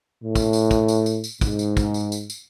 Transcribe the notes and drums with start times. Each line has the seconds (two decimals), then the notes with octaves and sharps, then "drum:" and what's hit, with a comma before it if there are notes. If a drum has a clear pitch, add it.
0.23 A2
0.35 drum: kick, tambourine
0.53 drum: tambourine
0.71 drum: kick, tambourine
0.88 drum: tambourine
1.06 drum: tambourine
1.24 drum: tambourine
1.41 G#2, drum: kick, tambourine
1.59 drum: tambourine
1.77 drum: kick, tambourine
1.94 drum: tambourine
2.12 drum: tambourine
2.30 drum: tambourine